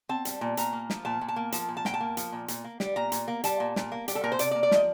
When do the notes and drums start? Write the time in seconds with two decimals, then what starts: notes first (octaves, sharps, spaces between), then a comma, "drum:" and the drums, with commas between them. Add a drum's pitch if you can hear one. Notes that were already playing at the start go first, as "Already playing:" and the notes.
0.09 C4 A5
0.25 G3, drum: hi-hat
0.41 A#2
0.57 A#2 A#5, drum: hi-hat
0.73 A#3
0.90 F3, drum: snare
1.05 A#2 A5
1.21 A#2
1.28 A5
1.36 A#3
1.52 F3 A5, drum: hi-hat
1.68 A#2
1.77 A5
1.85 A#2 G5, drum: snare
1.94 A5
2.00 A#3
2.17 F3, drum: hi-hat
2.32 A#2
2.48 A#2, drum: hi-hat
2.64 A#3
2.80 G3, drum: snare
2.96 A#2 A#5
3.12 A#2, drum: hi-hat
3.28 A#3
3.44 G3 A5, drum: hi-hat
3.60 A#2
3.76 A#2, drum: snare
3.92 A#3
4.08 G3 G4, drum: hi-hat
4.15 A4
4.24 A#2 A#4
4.32 C5
4.39 C3 D5, drum: hi-hat
4.51 D5
4.55 A#3
4.63 D5
4.71 F3 D#5, drum: snare